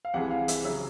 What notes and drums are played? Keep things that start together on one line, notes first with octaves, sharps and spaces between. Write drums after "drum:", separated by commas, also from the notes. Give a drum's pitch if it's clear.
F5
C2 C3 E3 G#3 F#5
F5
E5, drum: hi-hat
C#3 F#3 E5